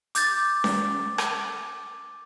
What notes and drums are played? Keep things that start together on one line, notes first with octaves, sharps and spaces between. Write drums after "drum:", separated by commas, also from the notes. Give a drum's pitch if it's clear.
D6 G6 A6, drum: hi-hat
drum: snare C#4
drum: rim click